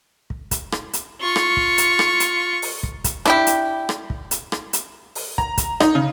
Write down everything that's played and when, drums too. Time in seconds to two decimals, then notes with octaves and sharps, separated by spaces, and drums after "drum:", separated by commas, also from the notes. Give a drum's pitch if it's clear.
0.30 drum: kick
0.51 drum: kick, hi-hat
0.72 drum: rim click
0.93 drum: hi-hat
1.21 F4 C#6
1.36 drum: rim click
1.57 drum: kick
1.78 drum: hi-hat
1.99 drum: rim click
2.20 drum: hi-hat
2.62 drum: open hi-hat
2.83 drum: kick
3.04 drum: kick, hi-hat
3.25 D4 E4 G4, drum: rim click
3.47 drum: hi-hat
3.89 drum: rim click
4.10 drum: kick
4.31 drum: hi-hat
4.52 drum: rim click
4.73 drum: hi-hat
5.15 drum: open hi-hat
5.38 A#5, drum: kick
5.58 drum: kick, hi-hat
5.80 D#4, drum: rim click
5.95 C#3